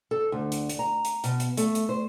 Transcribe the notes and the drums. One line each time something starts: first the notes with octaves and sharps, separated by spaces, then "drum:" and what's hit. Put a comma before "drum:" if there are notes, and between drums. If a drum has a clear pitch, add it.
A4
D2
drum: hi-hat
drum: hi-hat
A#5
drum: hi-hat
B2, drum: hi-hat
drum: hi-hat
A3, drum: hi-hat
drum: hi-hat
C5